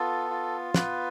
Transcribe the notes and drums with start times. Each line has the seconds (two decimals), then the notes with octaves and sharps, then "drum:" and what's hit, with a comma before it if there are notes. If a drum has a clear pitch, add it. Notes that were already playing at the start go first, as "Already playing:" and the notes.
Already playing: B3 F4 A4
0.30 F4
0.74 B3 B4, drum: snare